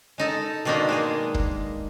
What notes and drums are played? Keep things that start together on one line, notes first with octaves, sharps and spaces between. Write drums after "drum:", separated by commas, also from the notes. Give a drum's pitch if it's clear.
G#3 D#4 A4
B2 D#3 A#3 D4 D#4 C5
G#3 A#3 G#4
drum: kick